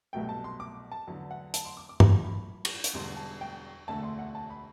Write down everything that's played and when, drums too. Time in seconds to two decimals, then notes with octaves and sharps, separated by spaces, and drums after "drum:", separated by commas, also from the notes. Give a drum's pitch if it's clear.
0.13 C2 B2 F#3 A3 G5
0.29 A5
0.44 C6
0.60 D6
0.92 A5
1.07 E2 D3 F#3
1.31 F#5
1.54 A5, drum: hi-hat
1.65 C6
1.77 D6
1.89 D6
2.00 F#2 F#3 A3 C6, drum: tom
2.24 B5
2.65 drum: cymbal
2.84 drum: hi-hat
2.94 E1 E2 D3 G3 C6
3.17 A5
3.41 G5
3.88 E1 D2 D3 A3 A5
4.03 C6
4.19 F#5
4.35 A5
4.50 B5